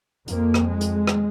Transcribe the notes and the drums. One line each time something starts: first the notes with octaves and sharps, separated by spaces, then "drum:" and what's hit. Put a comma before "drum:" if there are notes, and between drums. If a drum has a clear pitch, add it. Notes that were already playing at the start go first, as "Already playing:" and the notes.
F2 A#3, drum: hi-hat
drum: rim click
G#3
drum: hi-hat
drum: rim click